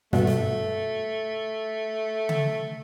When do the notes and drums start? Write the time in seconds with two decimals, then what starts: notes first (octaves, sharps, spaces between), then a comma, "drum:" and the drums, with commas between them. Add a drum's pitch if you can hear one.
0.13 G2 B2 A3, drum: snare
0.27 drum: snare
2.29 drum: tom C#3